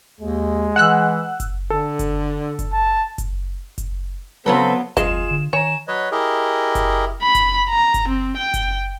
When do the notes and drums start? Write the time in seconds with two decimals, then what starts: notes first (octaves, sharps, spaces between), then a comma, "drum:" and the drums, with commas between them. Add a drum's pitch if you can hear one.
0.21 D#2 G#3
0.76 E3 F#5 E6 F#6
1.40 drum: kick F#1, hi-hat
1.70 D3 A4
1.99 drum: kick F#1, hi-hat
2.59 drum: kick F#1, hi-hat
2.73 A5
3.18 drum: kick F#1, hi-hat
3.78 drum: kick F#1, hi-hat
4.46 C#3 F#3 B3 C4 A4 B4 G7
4.97 D#1 F#3 G#3 C4 F4 G#4 E7, drum: kick F#1, hi-hat
5.31 D3
5.53 D#3 C#5 G#5 A#5 E7
5.88 F#3 B4 C#5 D#5
6.12 E4 G4 G#4 A#4 D#5
6.75 drum: kick F#1, hi-hat
7.23 B5
7.35 drum: kick F#1, hi-hat
7.69 A#5
7.94 drum: kick F#1, hi-hat
8.08 C4
8.37 G5
8.54 drum: kick F#1, hi-hat